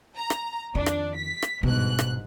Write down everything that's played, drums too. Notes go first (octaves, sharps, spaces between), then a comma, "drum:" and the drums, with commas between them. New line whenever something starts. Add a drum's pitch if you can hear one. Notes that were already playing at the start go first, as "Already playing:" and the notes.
A#5
drum: rim click
F2 D#3 D4
drum: rim click
B6
drum: rim click
G1 G#2 B2 F#6
drum: rim click